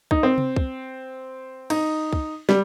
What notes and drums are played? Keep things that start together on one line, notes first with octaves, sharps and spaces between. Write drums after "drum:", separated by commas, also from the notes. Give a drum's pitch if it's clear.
D#4, drum: kick
C4
drum: tom C3
drum: kick
D#4, drum: cymbal
drum: kick
G3, drum: snare